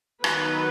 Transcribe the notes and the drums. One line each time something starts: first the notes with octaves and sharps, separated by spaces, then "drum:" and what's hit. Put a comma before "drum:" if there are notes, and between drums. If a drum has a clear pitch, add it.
D#3 F#3 B3 B4, drum: rim click